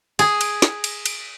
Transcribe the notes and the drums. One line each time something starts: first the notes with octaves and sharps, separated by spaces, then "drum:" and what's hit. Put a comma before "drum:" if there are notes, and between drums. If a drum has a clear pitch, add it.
G#4, drum: cymbal
drum: cymbal
drum: snare
drum: cymbal
drum: cymbal